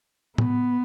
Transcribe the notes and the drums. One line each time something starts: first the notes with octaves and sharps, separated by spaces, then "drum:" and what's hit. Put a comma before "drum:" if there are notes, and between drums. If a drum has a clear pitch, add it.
B3, drum: tom